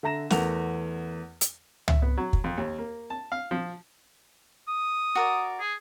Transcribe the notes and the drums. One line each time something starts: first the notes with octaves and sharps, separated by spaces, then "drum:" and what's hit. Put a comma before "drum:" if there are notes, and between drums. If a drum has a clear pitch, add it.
D3 E5 A#5 A#6 E7
E2 A3 B3 A#4 F#5 F7, drum: snare
drum: hi-hat
E5, drum: tom
B3
F#3
drum: kick
F2
D#2
A#3
A5
F5
F3
D#6
F#4 A#4 D5
G#4